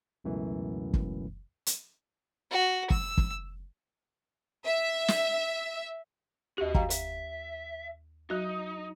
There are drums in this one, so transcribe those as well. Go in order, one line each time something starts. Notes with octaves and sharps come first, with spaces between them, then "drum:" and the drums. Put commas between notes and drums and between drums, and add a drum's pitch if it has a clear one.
C#2 F#2 B2 E3 A3
drum: kick
drum: hi-hat
F#4
E6, drum: kick
drum: kick
E5
drum: snare
D#2 F#4 G4 D#5
F5 G5 A#5, drum: kick
E5, drum: hi-hat
F#3 D#4 F#4